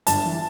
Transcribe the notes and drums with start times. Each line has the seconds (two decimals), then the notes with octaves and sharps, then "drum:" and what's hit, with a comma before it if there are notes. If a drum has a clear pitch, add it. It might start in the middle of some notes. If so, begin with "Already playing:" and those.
0.07 G1 A5, drum: hi-hat
0.25 E3